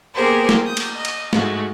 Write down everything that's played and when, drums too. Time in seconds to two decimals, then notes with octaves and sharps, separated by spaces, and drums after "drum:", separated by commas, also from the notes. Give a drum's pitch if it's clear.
0.13 A#3 B3 G4 G#4 A#4 C5
0.49 drum: snare
0.65 D#6 G6
0.77 drum: cymbal
0.94 D#5
1.05 drum: cymbal
1.33 G#2 G#3 A3 F#4, drum: snare